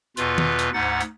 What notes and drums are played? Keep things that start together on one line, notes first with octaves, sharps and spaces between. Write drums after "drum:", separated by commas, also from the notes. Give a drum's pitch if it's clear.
E2 B2 F4 B4, drum: hi-hat
drum: tom D#3
drum: hi-hat
D2 G#2 D#4 F#5 A6
drum: hi-hat